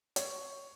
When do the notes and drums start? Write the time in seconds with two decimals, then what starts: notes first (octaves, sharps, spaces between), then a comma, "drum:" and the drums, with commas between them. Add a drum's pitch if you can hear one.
0.16 C#5, drum: hi-hat